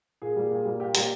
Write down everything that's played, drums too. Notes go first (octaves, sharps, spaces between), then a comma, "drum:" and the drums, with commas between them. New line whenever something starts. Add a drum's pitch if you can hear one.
A#2 G#4
G3 A#3
A#2
G3 A#3
A#2 G4
G3 A#3, drum: hi-hat